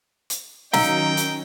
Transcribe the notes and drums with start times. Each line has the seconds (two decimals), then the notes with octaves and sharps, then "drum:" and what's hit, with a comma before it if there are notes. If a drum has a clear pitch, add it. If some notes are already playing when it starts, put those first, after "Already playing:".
0.30 drum: hi-hat
0.73 D#3 F#3 C#4 D#4 F5 G5 A#5 E6, drum: snare
1.17 drum: hi-hat